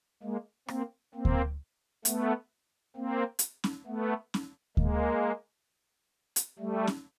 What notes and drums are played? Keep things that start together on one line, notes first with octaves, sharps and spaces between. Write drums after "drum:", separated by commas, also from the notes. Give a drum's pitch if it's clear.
G#3 A#3
A#3 C4, drum: rim click
A#3 C4
drum: kick D2
A3 B3, drum: hi-hat
A#3 C4
drum: hi-hat
drum: snare
A3 B3
drum: snare
G#3 A#3, drum: kick D2
drum: hi-hat
G3 A3
drum: snare